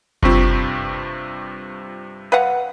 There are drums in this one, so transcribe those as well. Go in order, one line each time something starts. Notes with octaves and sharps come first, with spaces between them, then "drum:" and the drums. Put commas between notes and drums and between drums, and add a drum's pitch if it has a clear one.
G2 C3 C4 F4 C#6 B6, drum: kick F#1
B4 F5 F#5